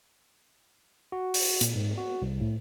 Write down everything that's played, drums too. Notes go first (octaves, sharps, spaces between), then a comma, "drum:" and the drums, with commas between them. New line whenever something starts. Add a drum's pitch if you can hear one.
F#4
drum: open hi-hat
A#2, drum: hi-hat
G#2
F#4
C2
A2